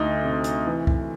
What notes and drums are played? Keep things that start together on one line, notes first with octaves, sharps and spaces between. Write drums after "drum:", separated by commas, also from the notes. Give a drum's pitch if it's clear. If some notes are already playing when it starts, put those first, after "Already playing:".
Already playing: D2 D#4
C3
drum: hi-hat
E3
drum: kick